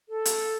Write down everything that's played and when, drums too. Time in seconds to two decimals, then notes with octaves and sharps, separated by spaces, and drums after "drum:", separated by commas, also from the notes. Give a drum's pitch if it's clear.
0.09 A4
0.25 drum: hi-hat